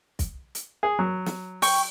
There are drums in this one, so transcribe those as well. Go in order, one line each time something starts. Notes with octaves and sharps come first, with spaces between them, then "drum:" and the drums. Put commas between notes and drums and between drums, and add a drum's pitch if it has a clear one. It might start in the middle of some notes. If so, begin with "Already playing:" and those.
drum: kick, hi-hat
drum: hi-hat
G#4
F#3
drum: snare
G5 C#6, drum: open hi-hat